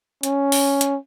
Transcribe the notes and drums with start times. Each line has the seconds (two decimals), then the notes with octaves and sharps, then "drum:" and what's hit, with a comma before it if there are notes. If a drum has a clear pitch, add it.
0.23 C#4, drum: hi-hat
0.52 drum: open hi-hat
0.81 drum: hi-hat